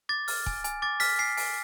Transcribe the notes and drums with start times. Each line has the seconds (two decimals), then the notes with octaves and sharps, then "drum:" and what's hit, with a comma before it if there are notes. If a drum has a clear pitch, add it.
0.09 D6 A6
0.28 F6, drum: open hi-hat
0.46 G#5, drum: kick
0.64 G#5, drum: hi-hat
0.82 D6 A6
1.00 F6 B6, drum: open hi-hat
1.19 G#5 C7
1.37 G#5, drum: open hi-hat